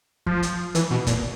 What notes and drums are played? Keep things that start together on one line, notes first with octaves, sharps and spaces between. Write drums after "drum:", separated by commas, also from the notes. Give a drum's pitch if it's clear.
F3, drum: kick
drum: hi-hat
E3, drum: hi-hat
B2
A#2, drum: kick, hi-hat